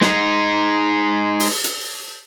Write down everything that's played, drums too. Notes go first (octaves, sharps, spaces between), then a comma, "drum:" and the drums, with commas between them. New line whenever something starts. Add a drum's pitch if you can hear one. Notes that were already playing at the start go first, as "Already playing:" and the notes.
G#3 D#4, drum: snare
drum: open hi-hat
drum: hi-hat